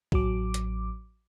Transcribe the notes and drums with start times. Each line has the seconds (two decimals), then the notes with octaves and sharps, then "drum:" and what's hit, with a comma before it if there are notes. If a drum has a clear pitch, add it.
0.12 A1 F#3 D6, drum: kick B1
0.54 drum: hi-hat